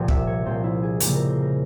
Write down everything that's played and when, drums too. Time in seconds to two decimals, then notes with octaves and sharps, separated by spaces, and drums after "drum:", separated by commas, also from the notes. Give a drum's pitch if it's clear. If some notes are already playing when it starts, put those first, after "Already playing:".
Already playing: C2 A#2 F3 C4 G5
0.08 E5, drum: kick
0.27 C#5
0.44 C2 A#2 F3 C4 C5
0.64 E4
0.83 G#4
1.00 F2 C#3 G3 A#3 E4 A#4, drum: hi-hat
1.15 A#4
1.28 C5
1.42 A#4